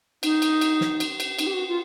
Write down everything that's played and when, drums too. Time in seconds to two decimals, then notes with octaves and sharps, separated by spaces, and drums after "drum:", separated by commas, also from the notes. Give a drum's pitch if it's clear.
0.23 D#4, drum: cymbal
0.42 drum: cymbal
0.61 drum: cymbal
0.81 drum: snare
1.00 drum: cymbal
1.20 drum: cymbal
1.39 D#4, drum: cymbal
1.47 G4
1.54 F#4
1.68 F4